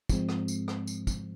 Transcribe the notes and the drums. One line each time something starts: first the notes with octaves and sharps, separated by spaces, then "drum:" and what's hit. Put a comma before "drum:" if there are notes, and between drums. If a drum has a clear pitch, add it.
G#2 F3 G#3 C4, drum: kick, tambourine
drum: rim click
drum: tambourine
drum: rim click
drum: tambourine
drum: kick, tambourine